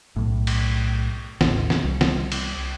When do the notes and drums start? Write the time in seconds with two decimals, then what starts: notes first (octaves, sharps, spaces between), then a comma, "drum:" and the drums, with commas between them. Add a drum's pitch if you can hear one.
0.16 B1 A2
0.47 drum: cymbal
1.41 A1 D#2, drum: snare
1.70 drum: snare
1.84 C2
2.01 drum: snare
2.32 drum: cymbal